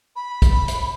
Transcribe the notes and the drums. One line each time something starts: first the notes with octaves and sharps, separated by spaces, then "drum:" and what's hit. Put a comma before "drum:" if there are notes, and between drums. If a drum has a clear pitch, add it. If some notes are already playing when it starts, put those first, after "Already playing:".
B5
drum: kick, hi-hat
drum: hi-hat